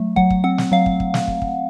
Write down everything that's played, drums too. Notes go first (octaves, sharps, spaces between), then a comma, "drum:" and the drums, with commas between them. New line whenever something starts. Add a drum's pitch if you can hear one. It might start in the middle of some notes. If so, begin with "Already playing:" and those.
Already playing: F#3 A3
F#3 F#5, drum: kick
drum: kick
C4 F#5
drum: snare
F#3 F5
drum: kick
drum: kick
drum: snare
drum: kick
drum: kick